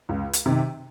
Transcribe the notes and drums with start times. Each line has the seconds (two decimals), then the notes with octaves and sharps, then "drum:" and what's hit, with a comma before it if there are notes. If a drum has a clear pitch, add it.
0.09 C#2
0.33 drum: hi-hat
0.46 C3 D#3